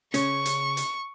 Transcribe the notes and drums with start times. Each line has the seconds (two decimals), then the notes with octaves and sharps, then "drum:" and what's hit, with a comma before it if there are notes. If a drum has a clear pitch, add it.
0.14 C#3 C#4 C#6, drum: hi-hat
0.45 drum: hi-hat
0.77 drum: hi-hat